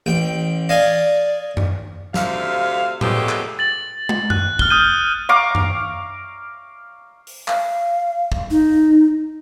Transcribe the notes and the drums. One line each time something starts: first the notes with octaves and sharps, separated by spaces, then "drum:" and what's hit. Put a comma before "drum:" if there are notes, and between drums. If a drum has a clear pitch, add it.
A1 G5
D5 D#5 F5 G#5
drum: tom F#2
D2 C3 E5 F5, drum: snare
F3 F#3 G#3 A3 B3 G4, drum: tom A2
drum: clap
A6 F#7
drum: tom
F#6, drum: tom F#2
F6 G7, drum: kick
D#6 F6 G6 D#7
F5 A#5 C#6 D6
drum: tom F#2
drum: open hi-hat
F5, drum: clap
drum: kick
D#4